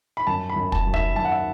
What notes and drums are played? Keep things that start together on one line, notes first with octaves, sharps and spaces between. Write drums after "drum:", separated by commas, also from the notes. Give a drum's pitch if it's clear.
B5
F#2 A5
B5
F#2
A5, drum: kick
F#3
E5, drum: kick
F#3 A5
F#5
E5